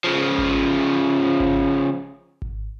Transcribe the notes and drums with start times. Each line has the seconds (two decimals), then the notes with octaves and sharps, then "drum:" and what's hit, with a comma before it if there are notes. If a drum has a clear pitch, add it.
0.04 C#3 F3
0.38 drum: kick G#1
1.40 drum: kick G#1
2.42 drum: kick G#1